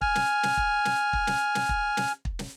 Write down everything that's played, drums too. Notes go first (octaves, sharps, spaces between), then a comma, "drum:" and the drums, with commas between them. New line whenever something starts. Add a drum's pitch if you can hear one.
G#5 F6, drum: kick
drum: snare
drum: snare
drum: kick
drum: snare
drum: kick
drum: snare
drum: snare
drum: kick
drum: snare
drum: kick
drum: snare